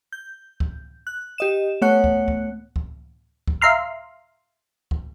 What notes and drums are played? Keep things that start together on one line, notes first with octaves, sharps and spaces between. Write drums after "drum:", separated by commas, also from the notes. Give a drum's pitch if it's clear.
G6
drum: kick C#2
F#6
G4 D#5 E7
A3 B3 C#5 F#5 F#6 C#7
drum: kick C#2
drum: kick C#2
drum: kick C#2
drum: kick C#2
E5 F5 A#5 C6 F6
drum: kick C#2